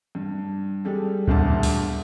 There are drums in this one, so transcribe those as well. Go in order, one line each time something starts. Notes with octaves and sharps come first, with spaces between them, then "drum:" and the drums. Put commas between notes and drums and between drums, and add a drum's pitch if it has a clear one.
G2
G3 G#3 A4
E1 D2 G2 A#2 A5, drum: kick
drum: open hi-hat